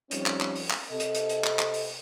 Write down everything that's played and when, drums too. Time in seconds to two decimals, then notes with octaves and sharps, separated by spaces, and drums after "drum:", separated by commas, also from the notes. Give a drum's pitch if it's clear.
0.11 F3 G3 C4 C#4 D#4 F4, drum: hi-hat
0.26 drum: clap
0.41 drum: clap
0.55 drum: open hi-hat
0.70 drum: clap
0.90 C3 A4 D#5
1.00 drum: hi-hat
1.15 drum: hi-hat
1.29 drum: hi-hat
1.44 drum: clap
1.59 drum: clap
1.74 drum: open hi-hat